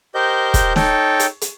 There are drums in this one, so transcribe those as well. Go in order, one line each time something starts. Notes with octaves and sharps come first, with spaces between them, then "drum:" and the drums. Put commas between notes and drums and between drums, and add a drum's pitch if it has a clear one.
G4 A#4 C5 D#5 G6
drum: kick, hi-hat
D#4 A4 C#5 G5 A5, drum: snare
drum: hi-hat
drum: hi-hat